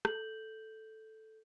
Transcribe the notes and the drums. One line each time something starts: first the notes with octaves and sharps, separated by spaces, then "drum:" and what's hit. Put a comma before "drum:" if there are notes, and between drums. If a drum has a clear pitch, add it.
A4 G6 F#7, drum: rim click